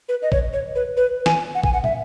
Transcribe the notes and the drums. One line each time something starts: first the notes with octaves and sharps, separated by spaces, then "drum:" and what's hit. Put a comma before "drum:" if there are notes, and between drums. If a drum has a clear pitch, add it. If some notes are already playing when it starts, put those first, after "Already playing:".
B4
D#5
C#5, drum: kick
C#5
B4
B4
G#5, drum: snare
F#5
G#5, drum: kick
F#5
E5, drum: tom